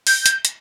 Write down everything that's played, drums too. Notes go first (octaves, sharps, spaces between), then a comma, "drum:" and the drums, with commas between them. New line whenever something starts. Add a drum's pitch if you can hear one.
G6, drum: open hi-hat
drum: hi-hat
drum: hi-hat